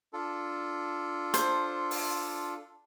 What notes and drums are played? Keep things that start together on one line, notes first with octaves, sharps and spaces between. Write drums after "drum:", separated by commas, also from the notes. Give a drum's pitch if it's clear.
D4 F4 A4
C5, drum: hi-hat
drum: open hi-hat